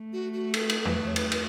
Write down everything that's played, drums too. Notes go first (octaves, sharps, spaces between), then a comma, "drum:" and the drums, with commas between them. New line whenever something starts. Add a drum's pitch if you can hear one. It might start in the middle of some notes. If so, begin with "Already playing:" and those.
Already playing: A3
F#4
F#4
A4, drum: cymbal
drum: cymbal
A4
B4, drum: tom E2
C#5
B4, drum: cymbal
drum: cymbal